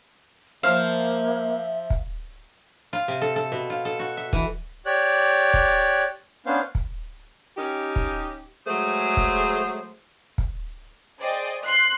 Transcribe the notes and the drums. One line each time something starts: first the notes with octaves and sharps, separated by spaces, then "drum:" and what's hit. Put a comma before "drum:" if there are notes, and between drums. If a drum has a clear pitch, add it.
F3 A#3 C5 E5 F5
drum: kick
F4
C3
A4
A4
B2
F4
A4
F#4
E5
E3, drum: kick
G4 C#5 D5 F#6
drum: kick
B3 C#4 D4 C5 F5
drum: kick
C#4 D#4 G4
drum: kick
F#3 G#3 A3 G#4 C5
drum: kick
drum: kick
G#4 C5 D5 D#5 G5
C6 F#6 C7